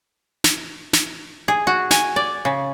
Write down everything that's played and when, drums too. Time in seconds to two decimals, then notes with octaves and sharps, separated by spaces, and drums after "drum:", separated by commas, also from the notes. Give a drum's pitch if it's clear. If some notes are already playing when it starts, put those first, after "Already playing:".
0.44 drum: snare
0.93 drum: snare
1.48 G#4
1.67 F#4
1.91 G#5, drum: snare
2.16 D5
2.45 C#3